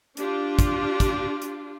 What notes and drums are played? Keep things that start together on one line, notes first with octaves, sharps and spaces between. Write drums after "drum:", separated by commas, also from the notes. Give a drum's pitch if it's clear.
D4 F4 G4, drum: hi-hat
drum: kick, hi-hat
drum: kick, hi-hat
drum: hi-hat